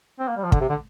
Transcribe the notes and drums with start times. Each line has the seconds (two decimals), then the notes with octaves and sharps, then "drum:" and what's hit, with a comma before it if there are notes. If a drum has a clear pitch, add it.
0.20 C4
0.28 A#3
0.37 G3
0.44 F3
0.52 D3, drum: kick
0.61 C3
0.69 D3